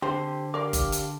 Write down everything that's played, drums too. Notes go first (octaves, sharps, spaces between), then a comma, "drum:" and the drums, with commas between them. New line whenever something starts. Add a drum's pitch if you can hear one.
D3 C4 G4 C5
G4 A#4 D5 F5 D6
drum: kick, hi-hat
drum: hi-hat